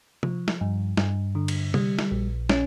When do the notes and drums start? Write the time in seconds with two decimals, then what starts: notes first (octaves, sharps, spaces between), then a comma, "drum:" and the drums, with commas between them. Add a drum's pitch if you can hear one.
0.23 F3, drum: tom C3
0.48 drum: snare
0.61 G2
0.97 G2, drum: snare
1.35 D3
1.48 drum: cymbal
1.74 G3, drum: tom C3
1.99 drum: snare
2.11 A#1
2.49 C#4, drum: snare